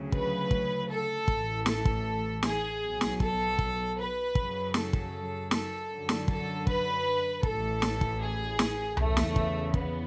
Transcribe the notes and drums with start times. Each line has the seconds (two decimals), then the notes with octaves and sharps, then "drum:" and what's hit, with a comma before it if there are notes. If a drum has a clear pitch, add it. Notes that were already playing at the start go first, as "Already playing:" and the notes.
Already playing: D2 C#3 F#3
0.12 B4, drum: kick
0.51 drum: kick
0.90 A4
1.28 A1 A2 E3, drum: kick
1.66 A4, drum: snare
1.85 drum: kick
2.43 G#4, drum: snare
2.82 B1 B2 F#3
3.01 drum: snare
3.20 A4, drum: kick
3.59 drum: kick
3.98 B4
4.35 F#2 C#3 F#3, drum: kick
4.74 A4, drum: snare
4.93 drum: kick
5.51 A4, drum: snare
5.90 F#2 D3 F#3
6.09 drum: snare
6.28 A4, drum: kick
6.67 B4, drum: kick
7.43 A1 A2 E3 A4, drum: kick
7.82 drum: snare
8.01 drum: kick
8.21 G#4
8.59 drum: snare
8.97 E2 C#3 E3 A3, drum: tom C2
9.17 drum: snare
9.36 drum: kick
9.74 B3, drum: kick